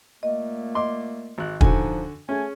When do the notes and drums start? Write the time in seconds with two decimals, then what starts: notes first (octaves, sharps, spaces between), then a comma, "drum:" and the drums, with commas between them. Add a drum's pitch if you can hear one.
0.23 A#2 A3 A#3 D#5
0.75 D#5 C6 D6
1.38 G#1 F#6
1.61 D3 F3 D#4 F#4 G#5, drum: kick
2.29 A3 C#4 G#4 G#5